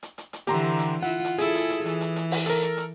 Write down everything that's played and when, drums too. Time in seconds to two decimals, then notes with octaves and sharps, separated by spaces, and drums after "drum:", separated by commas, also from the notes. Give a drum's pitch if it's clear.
0.03 drum: hi-hat
0.18 drum: hi-hat
0.33 drum: hi-hat
0.47 D3 E3 G4 A#5 C6, drum: hi-hat
0.79 drum: hi-hat
1.03 E4 F4 F#5
1.25 drum: hi-hat
1.38 E4 F4 G#4 A4, drum: hi-hat
1.55 drum: hi-hat
1.70 drum: hi-hat
1.86 E3, drum: hi-hat
2.01 drum: hi-hat
2.16 drum: hi-hat
2.31 drum: open hi-hat
2.46 A4 A#4, drum: hi-hat
2.62 drum: hi-hat
2.77 drum: hi-hat